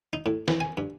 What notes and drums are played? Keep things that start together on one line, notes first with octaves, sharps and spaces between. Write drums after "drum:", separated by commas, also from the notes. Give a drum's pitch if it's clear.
D#4
A2
E3, drum: snare
G#5
G2